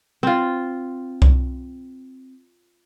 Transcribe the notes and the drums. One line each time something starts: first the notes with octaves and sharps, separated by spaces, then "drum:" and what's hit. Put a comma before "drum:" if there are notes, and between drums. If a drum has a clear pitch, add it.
C4 F4
drum: kick C2